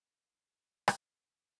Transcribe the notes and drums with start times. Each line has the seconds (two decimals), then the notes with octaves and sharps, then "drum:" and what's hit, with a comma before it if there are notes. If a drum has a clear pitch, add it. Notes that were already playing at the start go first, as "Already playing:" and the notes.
0.13 G#4
0.88 drum: rim click